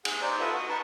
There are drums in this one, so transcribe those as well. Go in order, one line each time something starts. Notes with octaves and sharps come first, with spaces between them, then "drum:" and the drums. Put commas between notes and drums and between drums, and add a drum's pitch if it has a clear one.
G#4 F#5, drum: cymbal
D#4 C5 D5
F4 A4 B4 D#5 E5 F#5
F#4 D#5 F#5
D#4 B4 F#5 A5 C#6